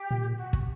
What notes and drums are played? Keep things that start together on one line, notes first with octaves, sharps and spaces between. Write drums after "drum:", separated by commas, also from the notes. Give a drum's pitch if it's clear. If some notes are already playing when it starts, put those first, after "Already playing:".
Already playing: G4
A#2
F#4
drum: kick